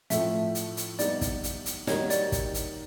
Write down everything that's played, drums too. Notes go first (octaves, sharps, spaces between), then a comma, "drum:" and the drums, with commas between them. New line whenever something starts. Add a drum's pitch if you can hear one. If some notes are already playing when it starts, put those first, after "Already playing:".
A2 F3 A3 E5, drum: hi-hat
drum: hi-hat
drum: hi-hat
G3 B3 D#4 G4 D5, drum: hi-hat
drum: kick, hi-hat
drum: hi-hat
drum: hi-hat
D#3 G3 A#3 D#4 F#4 C#5, drum: snare
D5, drum: hi-hat
drum: kick, hi-hat
drum: hi-hat